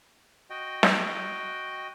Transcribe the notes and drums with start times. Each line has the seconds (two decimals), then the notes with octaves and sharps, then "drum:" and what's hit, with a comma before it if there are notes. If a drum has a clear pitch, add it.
0.50 F#4 D#5 G5
0.83 drum: snare